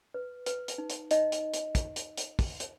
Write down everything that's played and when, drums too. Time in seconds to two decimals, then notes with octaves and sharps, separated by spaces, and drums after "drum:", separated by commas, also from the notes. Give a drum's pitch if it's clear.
0.14 B4
0.46 B4, drum: hi-hat
0.68 drum: hi-hat
0.78 D#4
0.90 drum: hi-hat
1.11 D#4 D#5, drum: hi-hat
1.32 drum: hi-hat
1.54 drum: hi-hat
1.75 drum: kick, hi-hat
1.96 drum: hi-hat
2.17 drum: hi-hat
2.39 drum: kick, open hi-hat
2.60 drum: hi-hat